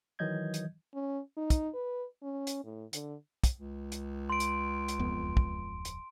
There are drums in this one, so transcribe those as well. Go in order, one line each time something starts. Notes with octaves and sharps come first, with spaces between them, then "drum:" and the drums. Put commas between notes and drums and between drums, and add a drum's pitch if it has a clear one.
D#3 E3 F#3 D#5 G6 G#6
drum: hi-hat
C#4
D#4
drum: kick, hi-hat
B4
C#4
drum: hi-hat
A2
D3, drum: hi-hat
drum: kick, hi-hat
C#2
drum: hi-hat
C6 D7
drum: hi-hat
drum: hi-hat
D1 F2 B3
drum: kick
drum: hi-hat